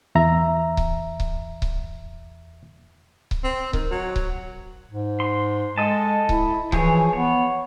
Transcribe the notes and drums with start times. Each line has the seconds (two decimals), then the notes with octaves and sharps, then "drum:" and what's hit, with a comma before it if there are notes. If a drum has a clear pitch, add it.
0.15 E2 E5 A#5
0.77 drum: kick C#1
1.20 drum: kick C#1
1.62 drum: kick C#1
3.31 drum: kick C#1
3.44 C4
3.73 D#3, drum: kick C#1
3.91 F#3
4.16 drum: kick C#1
4.91 G#2
5.20 C6
5.78 G#3 A4 D#5 A5
6.29 E4, drum: kick C#1
6.72 E3 F3 G#4 C#5, drum: kick C#1
7.13 B3 C#5